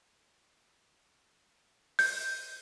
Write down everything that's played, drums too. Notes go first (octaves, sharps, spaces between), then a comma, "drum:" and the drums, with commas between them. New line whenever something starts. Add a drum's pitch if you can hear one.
G6, drum: open hi-hat